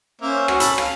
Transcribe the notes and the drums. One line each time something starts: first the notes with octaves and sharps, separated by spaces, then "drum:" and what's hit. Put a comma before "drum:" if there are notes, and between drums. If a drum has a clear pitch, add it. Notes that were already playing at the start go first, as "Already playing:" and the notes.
A#3 C#4 C5 E5
F#4, drum: rim click
A5 B5 E6, drum: hi-hat
F5, drum: rim click